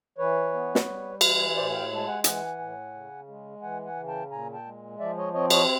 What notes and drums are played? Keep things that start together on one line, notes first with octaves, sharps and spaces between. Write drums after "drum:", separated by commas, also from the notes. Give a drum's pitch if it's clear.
E3 B4 C#5
B3
drum: snare
G3
E3, drum: cymbal
A2 C5 D5
G#5
F5 G5
G#3
A5
F#5 G#5
E3 F#5 G#5, drum: hi-hat
A2
C#3
G#3
E3 F#5 G#5
F#5 G#5
C#3
G5 A5
A#2 G#5 A#5
G5 A5
G#3
F3 D5 E5
C#5 D#5
C4 C#5 D#5
C#5 D#5, drum: cymbal